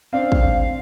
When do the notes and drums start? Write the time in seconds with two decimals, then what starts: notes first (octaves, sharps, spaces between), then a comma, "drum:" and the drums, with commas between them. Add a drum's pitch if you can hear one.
0.13 C4 D4 F5
0.32 drum: kick